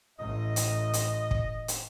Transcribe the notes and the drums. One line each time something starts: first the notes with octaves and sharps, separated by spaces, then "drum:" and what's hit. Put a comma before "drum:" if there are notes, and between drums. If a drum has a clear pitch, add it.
A1 D#5
drum: hi-hat
drum: hi-hat
drum: kick
drum: hi-hat